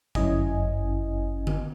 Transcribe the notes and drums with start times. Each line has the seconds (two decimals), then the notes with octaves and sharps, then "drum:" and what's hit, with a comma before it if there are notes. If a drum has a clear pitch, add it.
0.15 G1 F#2 C#4 E4 D#5 G#5, drum: kick
1.47 drum: tom D3